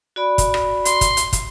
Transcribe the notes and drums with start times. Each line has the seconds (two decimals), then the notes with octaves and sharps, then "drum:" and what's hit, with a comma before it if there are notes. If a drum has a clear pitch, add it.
0.16 F#4 D5 B5
0.38 drum: kick, hi-hat
0.54 drum: rim click
0.85 C6, drum: hi-hat
1.01 drum: kick, hi-hat
1.17 drum: hi-hat
1.33 drum: kick, hi-hat